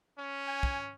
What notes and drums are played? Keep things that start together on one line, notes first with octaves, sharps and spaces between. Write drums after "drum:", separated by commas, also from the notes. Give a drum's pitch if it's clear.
C#4
G#5
drum: kick